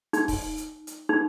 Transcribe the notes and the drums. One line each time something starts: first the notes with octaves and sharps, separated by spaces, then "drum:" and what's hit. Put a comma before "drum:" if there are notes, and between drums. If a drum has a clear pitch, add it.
D#4, drum: hi-hat
drum: kick D#1, open hi-hat
drum: hi-hat
drum: hi-hat
D#4